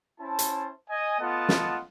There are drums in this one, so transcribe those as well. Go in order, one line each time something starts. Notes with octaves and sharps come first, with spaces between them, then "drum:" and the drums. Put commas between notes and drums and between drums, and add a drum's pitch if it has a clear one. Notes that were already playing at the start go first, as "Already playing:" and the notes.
C#4 E4 C5 A5
drum: hi-hat
D#5 G#5
A3 B3 F4 D#5 F#5 A5
drum: snare